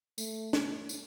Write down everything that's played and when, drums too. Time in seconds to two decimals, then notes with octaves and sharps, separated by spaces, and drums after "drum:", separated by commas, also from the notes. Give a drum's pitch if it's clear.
0.18 A3, drum: tambourine
0.53 drum: snare
0.89 drum: tambourine